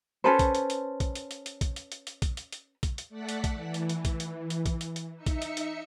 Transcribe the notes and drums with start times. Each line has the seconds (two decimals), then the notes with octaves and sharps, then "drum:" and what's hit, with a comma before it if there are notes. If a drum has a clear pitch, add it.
0.24 C#4 A4 B4 C5
0.39 drum: kick, hi-hat
0.55 drum: hi-hat
0.70 drum: hi-hat
1.00 drum: kick, hi-hat
1.15 drum: hi-hat
1.31 drum: hi-hat
1.46 drum: hi-hat
1.61 drum: kick, hi-hat
1.76 drum: hi-hat
1.92 drum: hi-hat
2.07 drum: hi-hat
2.22 drum: kick, hi-hat
2.37 drum: hi-hat
2.52 drum: hi-hat
2.83 drum: kick, hi-hat
2.98 drum: hi-hat
3.09 A3 D5 F#5 A5 B6
3.29 drum: hi-hat
3.44 drum: kick, hi-hat
3.53 E3
3.74 drum: hi-hat
3.89 drum: hi-hat
4.05 drum: kick, hi-hat
4.20 drum: hi-hat
4.50 drum: hi-hat
4.66 drum: kick, hi-hat
4.81 drum: hi-hat
4.96 drum: hi-hat
5.16 D#4 E5 C#7
5.26 drum: kick, hi-hat
5.42 drum: hi-hat
5.57 drum: hi-hat